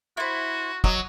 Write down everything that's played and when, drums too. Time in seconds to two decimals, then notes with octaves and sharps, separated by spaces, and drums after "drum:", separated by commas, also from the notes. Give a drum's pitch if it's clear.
0.17 E4 F#4 C5
0.84 F#3 D#5, drum: kick